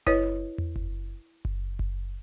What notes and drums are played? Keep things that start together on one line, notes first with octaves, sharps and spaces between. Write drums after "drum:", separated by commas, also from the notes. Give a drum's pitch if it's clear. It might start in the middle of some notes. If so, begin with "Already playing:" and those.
E4 B4 C#5 D#5, drum: kick F#1
drum: tom E2
drum: kick F#1
drum: kick F#1
drum: kick F#1